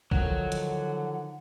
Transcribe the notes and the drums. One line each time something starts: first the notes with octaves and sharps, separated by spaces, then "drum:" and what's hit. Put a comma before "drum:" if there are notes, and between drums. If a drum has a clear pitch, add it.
D3 D#3 F3 F#3 D#4 F#5, drum: kick A#1
drum: hi-hat